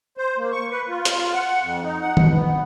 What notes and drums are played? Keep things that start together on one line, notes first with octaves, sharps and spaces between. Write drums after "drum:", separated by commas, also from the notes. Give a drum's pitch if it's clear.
C5
A#3
C#6
B4
F4
drum: hi-hat
F#5
F2
D#4
F#5
B2, drum: tom D#3
B3